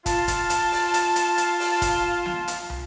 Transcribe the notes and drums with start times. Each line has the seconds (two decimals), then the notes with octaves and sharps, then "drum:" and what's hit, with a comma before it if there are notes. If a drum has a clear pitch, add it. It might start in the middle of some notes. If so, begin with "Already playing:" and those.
0.06 F4 A5, drum: kick, hi-hat
0.28 drum: kick, hi-hat
0.50 drum: hi-hat
0.72 drum: open hi-hat
0.94 drum: hi-hat
1.16 drum: hi-hat
1.38 drum: hi-hat
1.60 drum: open hi-hat
1.82 drum: kick, hi-hat
2.26 drum: snare
2.48 drum: hi-hat
2.70 drum: tom